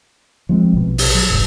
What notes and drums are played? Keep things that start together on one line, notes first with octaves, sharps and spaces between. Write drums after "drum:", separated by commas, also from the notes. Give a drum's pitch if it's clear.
F3 G#3 C4
A#1 B2
drum: open hi-hat
F#3
F1 C2 G#2